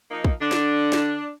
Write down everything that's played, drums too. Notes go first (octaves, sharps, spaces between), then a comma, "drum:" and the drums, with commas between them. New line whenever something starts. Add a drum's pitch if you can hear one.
F3 A#3 D#4
drum: kick
D3 D4
drum: snare
drum: snare